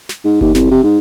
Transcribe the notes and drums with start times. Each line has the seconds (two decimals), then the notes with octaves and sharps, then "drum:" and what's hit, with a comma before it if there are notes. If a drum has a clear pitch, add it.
0.09 drum: snare
0.25 G#2
0.41 D#2, drum: kick F#1
0.55 C2, drum: snare
0.71 C3
0.83 G#2